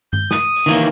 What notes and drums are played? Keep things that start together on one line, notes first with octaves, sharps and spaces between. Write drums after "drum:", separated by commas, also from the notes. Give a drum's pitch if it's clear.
G6, drum: tom G2
D#6, drum: snare
drum: open hi-hat
D#3 E3 A#3